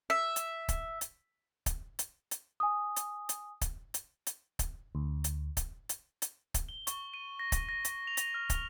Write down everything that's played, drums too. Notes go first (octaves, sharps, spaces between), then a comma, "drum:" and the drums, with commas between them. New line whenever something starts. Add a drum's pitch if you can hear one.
E5
drum: hi-hat
drum: kick, hi-hat
drum: hi-hat
drum: kick, hi-hat
drum: hi-hat
drum: hi-hat
G#5 D#6
drum: hi-hat
drum: hi-hat
drum: kick, hi-hat
drum: hi-hat
drum: hi-hat
drum: kick, hi-hat
D2
drum: hi-hat
drum: kick, hi-hat
drum: hi-hat
drum: hi-hat
drum: kick, hi-hat
G7
C#6, drum: hi-hat
D#7
A#6
drum: kick, hi-hat
A#6
drum: hi-hat
F7
drum: hi-hat
F6
drum: kick, hi-hat